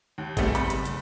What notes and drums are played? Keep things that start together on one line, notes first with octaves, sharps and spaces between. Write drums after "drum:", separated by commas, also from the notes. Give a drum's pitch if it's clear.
D#2
G3 A3 B3 C4 G#4, drum: kick G#1, hi-hat
F#1 B5, drum: hi-hat
drum: hi-hat
drum: hi-hat